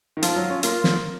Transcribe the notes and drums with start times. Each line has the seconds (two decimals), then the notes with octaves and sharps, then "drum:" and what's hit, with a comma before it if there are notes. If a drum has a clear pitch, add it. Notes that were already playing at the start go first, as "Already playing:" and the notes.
0.17 D#3
0.22 F3 F4, drum: hi-hat
0.36 F#3
0.50 C#4
0.63 A#3 F4, drum: hi-hat
0.84 drum: snare